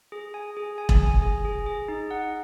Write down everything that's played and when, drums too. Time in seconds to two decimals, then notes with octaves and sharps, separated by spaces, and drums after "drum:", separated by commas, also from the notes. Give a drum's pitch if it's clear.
0.12 G#4
0.34 G#5
0.57 G#4
0.78 G#5
0.89 drum: kick E1
1.00 G#5
1.22 G#4
1.45 G#4
1.66 G#4
1.88 D#4
2.11 F#5